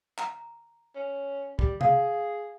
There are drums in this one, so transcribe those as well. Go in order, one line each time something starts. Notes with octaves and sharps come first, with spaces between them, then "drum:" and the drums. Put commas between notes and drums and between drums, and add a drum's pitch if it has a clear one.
A#5, drum: clap
C#4
G3, drum: kick
G#4 F5, drum: tom C3